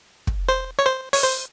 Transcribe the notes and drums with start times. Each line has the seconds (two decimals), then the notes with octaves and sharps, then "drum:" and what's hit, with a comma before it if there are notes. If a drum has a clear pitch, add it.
0.27 drum: kick
0.49 C5
0.79 C#5
0.86 C5
1.13 C#5, drum: open hi-hat
1.23 C5